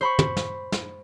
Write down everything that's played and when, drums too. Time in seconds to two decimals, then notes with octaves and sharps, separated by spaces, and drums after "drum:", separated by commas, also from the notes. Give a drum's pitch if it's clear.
0.01 C5 B5 C#6
0.19 drum: tom
0.37 drum: snare
0.72 drum: snare